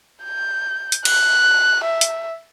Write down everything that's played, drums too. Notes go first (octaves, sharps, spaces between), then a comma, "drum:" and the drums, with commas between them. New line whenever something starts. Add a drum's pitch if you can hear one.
G6
drum: hi-hat
F#6, drum: cymbal
E5
drum: hi-hat